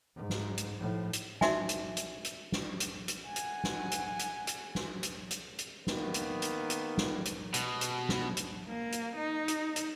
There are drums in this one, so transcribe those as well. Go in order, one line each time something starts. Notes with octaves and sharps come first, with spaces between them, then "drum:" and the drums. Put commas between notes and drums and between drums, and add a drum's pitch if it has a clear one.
G#2
drum: snare
drum: hi-hat
A2 F3
drum: hi-hat
D#4 F#4 E5 G#5, drum: snare
drum: hi-hat
drum: hi-hat
drum: hi-hat
drum: snare
drum: hi-hat
drum: hi-hat
F#5 G#5
drum: hi-hat
drum: snare
drum: hi-hat
drum: hi-hat
drum: hi-hat
drum: snare
drum: hi-hat
drum: hi-hat
drum: hi-hat
D#3 A#3 B3, drum: snare
drum: hi-hat
drum: hi-hat
drum: hi-hat
drum: snare
drum: hi-hat
B2, drum: hi-hat
drum: hi-hat
drum: snare
drum: hi-hat
A#3
drum: hi-hat
D#4
drum: hi-hat
drum: hi-hat